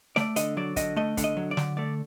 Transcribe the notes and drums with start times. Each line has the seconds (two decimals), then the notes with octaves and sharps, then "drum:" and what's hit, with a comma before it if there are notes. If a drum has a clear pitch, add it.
0.16 A3 D5, drum: snare
0.36 D3 D#5, drum: hi-hat
0.57 F#3 D5
0.76 D3 D#5, drum: kick, hi-hat
0.96 A3 D#5
1.17 D3, drum: kick, hi-hat
1.24 D#5
1.37 F#3
1.51 D5
1.57 D3, drum: snare
1.77 A3 D5